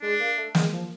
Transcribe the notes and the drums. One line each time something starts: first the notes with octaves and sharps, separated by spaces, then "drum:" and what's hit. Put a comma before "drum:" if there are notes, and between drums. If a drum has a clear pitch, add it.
G#3 D4
A#3
A3
G#3, drum: snare
F3